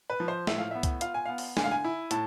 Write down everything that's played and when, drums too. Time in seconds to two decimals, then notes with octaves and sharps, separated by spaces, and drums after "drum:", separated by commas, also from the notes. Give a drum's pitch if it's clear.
0.10 B4
0.20 F3
0.28 C5
0.47 A2 E5, drum: snare
0.58 F5
0.71 B3 E5
0.83 drum: kick C2, hi-hat
1.01 F4 F5, drum: hi-hat
1.14 G#5
1.26 B3 F5
1.38 drum: open hi-hat
1.57 D3 G#5, drum: snare
1.64 F5
1.71 G#5
1.84 E4
2.11 A2 A5, drum: hi-hat